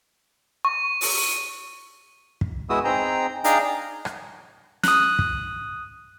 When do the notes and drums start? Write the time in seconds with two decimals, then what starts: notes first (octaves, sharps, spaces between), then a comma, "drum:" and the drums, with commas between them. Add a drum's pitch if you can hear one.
0.65 C#6
1.01 drum: open hi-hat
2.41 drum: kick
2.70 G#3 B3 E4 F#4 D#6 E6
2.85 C4 D#4 G#4 G5 A#5
3.44 D4 D#4 G#4 F5 G5 A#5, drum: hi-hat
4.05 drum: rim click
4.83 D#6 F#6, drum: snare
5.19 drum: kick